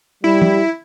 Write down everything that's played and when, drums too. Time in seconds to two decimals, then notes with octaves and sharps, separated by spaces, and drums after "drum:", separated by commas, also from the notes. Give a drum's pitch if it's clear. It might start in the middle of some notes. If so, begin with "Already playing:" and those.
0.24 G3 E4
0.42 drum: tom